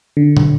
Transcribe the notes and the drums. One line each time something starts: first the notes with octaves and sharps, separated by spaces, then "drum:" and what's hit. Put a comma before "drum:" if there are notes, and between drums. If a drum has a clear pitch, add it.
D3
drum: tom